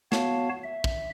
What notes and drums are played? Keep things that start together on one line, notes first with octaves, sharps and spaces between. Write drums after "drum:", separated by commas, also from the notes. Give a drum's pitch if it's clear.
B3 F#4 C#5 F5 A5, drum: snare
E5
drum: kick